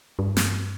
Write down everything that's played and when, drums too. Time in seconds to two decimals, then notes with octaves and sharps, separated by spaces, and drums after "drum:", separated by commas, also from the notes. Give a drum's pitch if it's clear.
0.19 G2
0.37 drum: snare